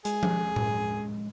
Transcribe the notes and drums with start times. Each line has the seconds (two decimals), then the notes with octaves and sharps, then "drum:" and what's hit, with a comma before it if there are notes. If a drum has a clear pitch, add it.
0.05 G#3 G#4, drum: hi-hat
0.23 drum: tom F3
0.56 drum: tom A2